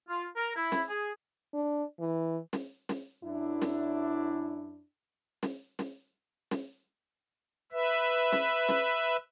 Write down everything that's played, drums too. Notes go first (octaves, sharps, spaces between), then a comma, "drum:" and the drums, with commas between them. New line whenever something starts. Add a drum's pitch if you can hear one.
F4
A#4
E4
drum: snare
G#4
D4
E3
drum: snare
drum: snare
F#2 D4 E4
drum: snare
drum: snare
drum: snare
drum: snare
B4 E5
drum: snare
drum: snare